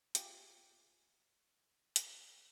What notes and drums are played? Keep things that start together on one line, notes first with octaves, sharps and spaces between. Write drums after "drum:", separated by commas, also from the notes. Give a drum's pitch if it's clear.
F4 G4 G#4, drum: hi-hat
drum: hi-hat